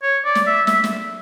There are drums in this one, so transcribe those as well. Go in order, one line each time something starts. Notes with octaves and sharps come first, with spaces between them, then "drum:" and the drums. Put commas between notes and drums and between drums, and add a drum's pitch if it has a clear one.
C#5
D5
drum: snare
E5
E5, drum: snare
drum: snare